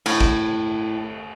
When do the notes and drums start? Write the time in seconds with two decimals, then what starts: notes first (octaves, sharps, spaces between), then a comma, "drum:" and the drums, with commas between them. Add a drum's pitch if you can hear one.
0.06 A2, drum: cymbal
0.21 drum: kick A1